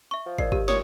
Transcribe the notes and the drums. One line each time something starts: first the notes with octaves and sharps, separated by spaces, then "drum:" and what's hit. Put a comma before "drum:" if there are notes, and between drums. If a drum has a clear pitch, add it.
E5 C#6
F3
A#4 D5 D#5 C7, drum: kick
G4 A#4, drum: kick
A#2 C#5 D#6, drum: snare